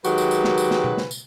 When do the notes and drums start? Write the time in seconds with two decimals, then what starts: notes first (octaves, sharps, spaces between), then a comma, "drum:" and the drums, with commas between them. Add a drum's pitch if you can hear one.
0.04 D#3 F#3 G#3 F#4 G4 B4, drum: tambourine
0.18 drum: tambourine
0.31 drum: tambourine
0.44 drum: snare
0.58 drum: tambourine
0.71 drum: snare
0.84 drum: tom B2
0.98 drum: snare
1.11 drum: tambourine